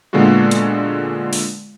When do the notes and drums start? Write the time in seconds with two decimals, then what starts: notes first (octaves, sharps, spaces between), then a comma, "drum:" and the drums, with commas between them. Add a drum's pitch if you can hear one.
0.13 A#2 D3 G#3 B3 F4 F#4
0.51 drum: hi-hat
1.33 drum: open hi-hat